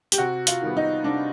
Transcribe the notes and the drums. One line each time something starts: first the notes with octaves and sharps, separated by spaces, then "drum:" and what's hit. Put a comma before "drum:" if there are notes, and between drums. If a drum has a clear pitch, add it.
G4, drum: hi-hat
C3 F#4
F4, drum: hi-hat
D#3 G3 B3
D#4
C3 D4